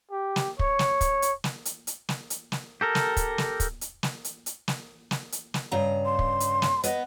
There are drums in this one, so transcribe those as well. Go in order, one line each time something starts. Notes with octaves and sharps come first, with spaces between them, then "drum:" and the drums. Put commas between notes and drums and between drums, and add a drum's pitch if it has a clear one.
G4
drum: snare
C#5, drum: kick
drum: snare
drum: kick, hi-hat
drum: hi-hat
drum: snare
drum: hi-hat
drum: hi-hat
drum: snare
drum: hi-hat
drum: snare
G4 A4 A#4
drum: snare
drum: kick, hi-hat
drum: snare
drum: kick, hi-hat
drum: hi-hat
drum: snare
drum: hi-hat
drum: hi-hat
drum: snare
drum: snare
drum: hi-hat
drum: snare
G2 C#3 A#5
C6
drum: kick
drum: hi-hat
drum: snare
B3 B4 D#5, drum: hi-hat